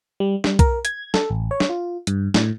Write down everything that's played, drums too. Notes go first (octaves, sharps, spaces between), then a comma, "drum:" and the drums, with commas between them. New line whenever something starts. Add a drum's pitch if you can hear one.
G3
G3, drum: snare
A#4, drum: kick B1, hi-hat
G#6, drum: hi-hat
A4, drum: snare
A1
C#5
drum: snare
F4
G2, drum: hi-hat
A2, drum: snare